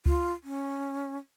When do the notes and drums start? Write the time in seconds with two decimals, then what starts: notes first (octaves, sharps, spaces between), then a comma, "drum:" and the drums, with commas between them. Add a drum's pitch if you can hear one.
0.06 F4, drum: kick C#2
0.44 C#4